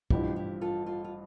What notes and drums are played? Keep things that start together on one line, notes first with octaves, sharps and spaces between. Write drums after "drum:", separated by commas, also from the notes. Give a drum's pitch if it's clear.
A1 G2 F3 E4 G4, drum: kick
E4 G4
F4 A4
F4 A4
F4